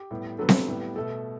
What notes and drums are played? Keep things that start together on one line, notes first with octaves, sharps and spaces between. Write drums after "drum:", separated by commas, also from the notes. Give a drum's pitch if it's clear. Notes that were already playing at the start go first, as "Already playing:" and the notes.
Already playing: G4
A2 G3 B3
D3 F#3 B3 A4
drum: snare C4
A2 G3 B3
B2 A3 A4